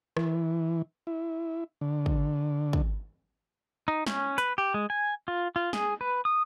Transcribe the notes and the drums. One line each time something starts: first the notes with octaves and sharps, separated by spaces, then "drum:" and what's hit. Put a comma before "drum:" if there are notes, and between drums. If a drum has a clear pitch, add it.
E3, drum: rim click
E4
D3
drum: kick
drum: kick
D#4
C#4, drum: snare
B4, drum: hi-hat
G4
G#3
G#5
F4
F4
G#4, drum: snare
B4
D#6